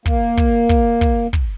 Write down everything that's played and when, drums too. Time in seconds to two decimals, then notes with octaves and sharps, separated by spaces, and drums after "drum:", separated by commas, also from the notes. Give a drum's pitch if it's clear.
0.06 A#3, drum: kick
0.37 drum: kick
0.69 drum: kick
1.01 drum: kick
1.33 drum: kick